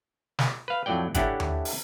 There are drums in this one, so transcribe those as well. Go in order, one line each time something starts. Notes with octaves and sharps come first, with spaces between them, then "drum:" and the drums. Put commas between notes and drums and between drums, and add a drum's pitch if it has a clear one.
drum: snare
B4 F5
F2 A2 F#3 D5 G5
A3 C#4 D4 E4 G4 F#5, drum: kick, hi-hat
drum: tom D#2
drum: open hi-hat